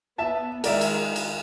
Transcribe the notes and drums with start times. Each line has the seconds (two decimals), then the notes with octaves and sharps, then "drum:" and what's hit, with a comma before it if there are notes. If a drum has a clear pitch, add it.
0.18 B3 E5 A5
0.64 D#3 G#3 A#4 D5 E5, drum: cymbal
0.81 drum: cymbal
1.16 drum: cymbal